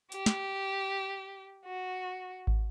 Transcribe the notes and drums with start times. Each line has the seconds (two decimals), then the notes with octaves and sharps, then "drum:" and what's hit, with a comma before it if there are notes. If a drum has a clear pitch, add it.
0.12 G4, drum: hi-hat
0.26 drum: snare
1.66 F#4
2.47 drum: kick G#1